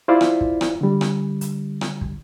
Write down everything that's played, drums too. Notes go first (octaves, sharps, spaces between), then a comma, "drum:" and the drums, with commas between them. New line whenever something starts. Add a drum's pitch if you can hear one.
E4 F4 C5 D5 F5
drum: rim click
drum: kick
drum: rim click
D3 G3
drum: rim click
drum: hi-hat
drum: rim click
drum: kick